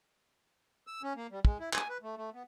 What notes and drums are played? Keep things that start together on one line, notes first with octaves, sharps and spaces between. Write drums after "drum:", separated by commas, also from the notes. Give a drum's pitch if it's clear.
E6
C#4
A#3
G3
G#3, drum: kick
E4
G#5, drum: clap
B4
A3
A3
B3